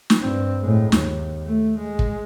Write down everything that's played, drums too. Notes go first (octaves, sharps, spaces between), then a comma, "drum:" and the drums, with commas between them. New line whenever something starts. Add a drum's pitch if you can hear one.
drum: snare
G2 C4
A2 G#3
D#2, drum: snare
A3
G#3
drum: kick